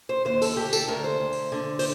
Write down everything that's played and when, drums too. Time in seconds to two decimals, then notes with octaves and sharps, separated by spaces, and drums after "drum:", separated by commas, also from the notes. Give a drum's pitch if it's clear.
0.09 C5
0.25 D#2 C5
0.42 A4, drum: open hi-hat
0.56 D2 G4
0.73 A4, drum: tambourine
0.88 D2 A#4
1.04 C5
1.20 D2
1.32 drum: open hi-hat
1.52 D3
1.79 C5, drum: open hi-hat